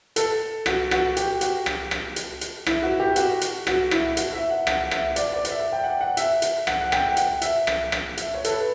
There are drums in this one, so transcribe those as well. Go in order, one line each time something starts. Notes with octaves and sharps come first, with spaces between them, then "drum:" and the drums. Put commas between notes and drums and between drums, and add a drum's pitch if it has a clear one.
A4, drum: hi-hat
F#4, drum: rim click
F#4, drum: rim click
G4, drum: hi-hat
F#4, drum: hi-hat
drum: rim click
drum: rim click
drum: hi-hat
drum: hi-hat
E4, drum: rim click
F#4
G4
F#4, drum: hi-hat
drum: hi-hat
F#4, drum: rim click
E4, drum: rim click
F#4, drum: hi-hat
E5
F#5
F#5, drum: rim click
E5, drum: rim click
D5, drum: hi-hat
D5
D5, drum: hi-hat
E5
G5
F#5
F#5
E5, drum: hi-hat
drum: hi-hat
F#5, drum: rim click
F#5
G5, drum: rim click
F#5, drum: hi-hat
E5, drum: hi-hat
drum: rim click
drum: rim click
E5, drum: hi-hat
C#5
A4, drum: hi-hat
B4